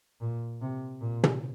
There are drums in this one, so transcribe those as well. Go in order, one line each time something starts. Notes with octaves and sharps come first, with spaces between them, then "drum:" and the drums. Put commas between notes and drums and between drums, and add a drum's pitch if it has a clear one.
A#2
C3
A#2
drum: tom